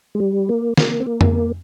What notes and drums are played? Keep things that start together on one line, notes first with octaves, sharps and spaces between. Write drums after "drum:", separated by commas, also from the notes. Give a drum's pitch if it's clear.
G#3
G3
A#3
A#3, drum: snare
C4
A#3
drum: tom F2